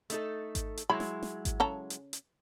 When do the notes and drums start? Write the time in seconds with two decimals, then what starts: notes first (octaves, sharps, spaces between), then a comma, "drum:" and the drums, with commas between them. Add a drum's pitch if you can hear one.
0.10 A3 D#4 A4, drum: hi-hat
0.55 drum: kick G#1, hi-hat
0.77 drum: hi-hat
0.90 F#3 G#3 E4 B5
1.00 drum: snare
1.23 drum: snare
1.45 drum: kick G#1, hi-hat
1.60 C#3 A4 A#5
1.90 drum: hi-hat
2.13 drum: hi-hat